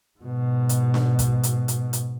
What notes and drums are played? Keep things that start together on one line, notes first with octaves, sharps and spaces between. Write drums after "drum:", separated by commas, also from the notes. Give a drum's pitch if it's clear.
G#2 B2
drum: hi-hat
drum: snare D4
drum: kick, hi-hat
drum: hi-hat
drum: hi-hat
drum: hi-hat